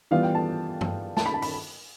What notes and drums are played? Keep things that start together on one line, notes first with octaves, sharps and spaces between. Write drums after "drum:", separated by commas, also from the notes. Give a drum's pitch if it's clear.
E3 G3 B3 F4 F5
G5
A5
drum: tom
A5, drum: snare
B5
A5
B5, drum: open hi-hat